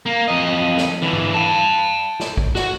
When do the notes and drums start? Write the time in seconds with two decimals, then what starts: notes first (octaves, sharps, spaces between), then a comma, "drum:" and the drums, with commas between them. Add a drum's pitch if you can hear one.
0.06 A#3
0.28 F2 D#5
0.77 drum: snare
1.02 D3 E3
1.13 drum: tom G#2
1.34 G5 A5
2.20 drum: snare
2.37 drum: kick
2.55 F#4, drum: snare